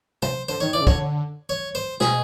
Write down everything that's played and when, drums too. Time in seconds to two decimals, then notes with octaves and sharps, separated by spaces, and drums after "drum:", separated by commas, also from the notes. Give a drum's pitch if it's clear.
0.22 C5, drum: tom C3
0.49 D3 C5
0.60 D#3 C#5
0.73 E3 D5
0.81 C#3
0.87 D3 C#5, drum: kick
1.49 C#5
1.75 C5
2.00 B2 G#4, drum: snare